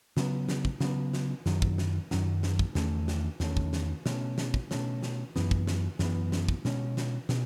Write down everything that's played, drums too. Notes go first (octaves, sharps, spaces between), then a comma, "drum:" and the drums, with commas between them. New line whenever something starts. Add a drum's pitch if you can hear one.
C#3 F#3 B3, drum: snare
drum: snare
drum: kick
C#3 F#3 B3, drum: snare
drum: snare
F#2 D#3 F#3, drum: snare
drum: kick
drum: snare
F#2 D#3 F#3, drum: snare
drum: snare
drum: kick
E2 D#3 A3 C#4, drum: snare
drum: snare
E2 D#3 A3 C#4, drum: snare
drum: kick
drum: snare
B2 A3 C#4, drum: snare
drum: snare
drum: kick
B2 A3 C#4, drum: snare
drum: snare
F#2 E3 B3, drum: snare
drum: kick
drum: snare
F#2 E3 B3, drum: snare
drum: snare
drum: kick
B2 G#3 C#4, drum: snare
drum: snare
B2, drum: snare